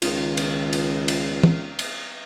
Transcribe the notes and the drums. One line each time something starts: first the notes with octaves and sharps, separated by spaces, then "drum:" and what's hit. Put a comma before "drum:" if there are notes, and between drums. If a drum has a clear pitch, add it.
C#2 D#3 F4, drum: cymbal
drum: cymbal
drum: cymbal
drum: cymbal
drum: tom
drum: cymbal